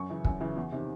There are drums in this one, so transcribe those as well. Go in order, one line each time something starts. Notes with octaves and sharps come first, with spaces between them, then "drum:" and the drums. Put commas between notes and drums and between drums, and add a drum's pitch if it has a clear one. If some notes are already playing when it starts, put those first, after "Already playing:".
Already playing: F#2 C#6
C#3 E3
F#2, drum: kick
C#3 E3
E2
C3 D#3